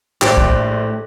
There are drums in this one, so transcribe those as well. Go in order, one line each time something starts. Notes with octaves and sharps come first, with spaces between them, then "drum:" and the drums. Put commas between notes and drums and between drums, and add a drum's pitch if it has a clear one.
A#1 A2 G4 C5 F#6, drum: clap
drum: kick